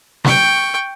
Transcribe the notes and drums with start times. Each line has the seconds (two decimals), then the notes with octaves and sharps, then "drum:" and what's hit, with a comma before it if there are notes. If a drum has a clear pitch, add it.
0.24 G5 C#6, drum: snare